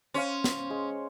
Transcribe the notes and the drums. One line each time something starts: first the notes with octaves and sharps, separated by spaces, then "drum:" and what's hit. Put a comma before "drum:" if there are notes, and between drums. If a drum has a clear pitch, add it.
C#4 C5 C#5 F5
drum: snare
G#3